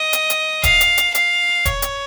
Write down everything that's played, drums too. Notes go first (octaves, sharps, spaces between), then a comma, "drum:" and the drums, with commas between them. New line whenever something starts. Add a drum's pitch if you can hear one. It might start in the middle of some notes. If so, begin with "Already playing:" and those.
Already playing: D#5
drum: hi-hat
drum: hi-hat
F5, drum: kick E1, hi-hat
drum: hi-hat
drum: hi-hat
F5, drum: hi-hat
C#5, drum: kick E1, hi-hat
drum: hi-hat